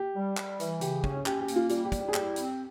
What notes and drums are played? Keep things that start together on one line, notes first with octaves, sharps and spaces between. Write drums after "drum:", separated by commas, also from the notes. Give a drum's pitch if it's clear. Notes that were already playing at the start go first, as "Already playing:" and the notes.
Already playing: G4
G3
G3, drum: clap
E3, drum: hi-hat
C#3 G4, drum: hi-hat
C#4, drum: kick
C#4 G4, drum: clap
G4
A#3, drum: hi-hat
F4
G3 F4, drum: hi-hat
G4
G3, drum: kick, hi-hat
G4
G#4
E4 G4, drum: clap
C4, drum: hi-hat